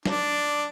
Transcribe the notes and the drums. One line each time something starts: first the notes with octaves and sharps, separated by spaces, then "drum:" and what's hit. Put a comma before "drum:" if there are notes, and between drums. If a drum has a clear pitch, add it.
D4, drum: snare